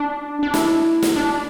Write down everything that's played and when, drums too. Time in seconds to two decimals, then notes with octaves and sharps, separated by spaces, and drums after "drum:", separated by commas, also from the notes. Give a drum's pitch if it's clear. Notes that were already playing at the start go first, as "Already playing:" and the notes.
Already playing: D4
0.43 D4
0.54 E4, drum: snare
1.03 drum: snare
1.16 D4